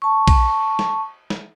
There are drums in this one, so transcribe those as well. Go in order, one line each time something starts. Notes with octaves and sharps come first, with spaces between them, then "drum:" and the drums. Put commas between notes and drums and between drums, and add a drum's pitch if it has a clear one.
A5 C#6
drum: kick A#1, cymbal
drum: snare
drum: snare